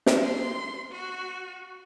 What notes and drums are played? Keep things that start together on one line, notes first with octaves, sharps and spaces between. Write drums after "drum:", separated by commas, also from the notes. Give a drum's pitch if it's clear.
drum: snare
C6
F#4